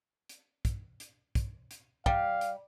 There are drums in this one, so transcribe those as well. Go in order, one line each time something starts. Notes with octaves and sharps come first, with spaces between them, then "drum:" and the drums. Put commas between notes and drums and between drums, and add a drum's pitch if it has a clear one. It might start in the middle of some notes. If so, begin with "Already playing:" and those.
drum: hi-hat
drum: kick, hi-hat
drum: hi-hat
drum: kick, hi-hat
drum: hi-hat
G3 F5, drum: kick
drum: hi-hat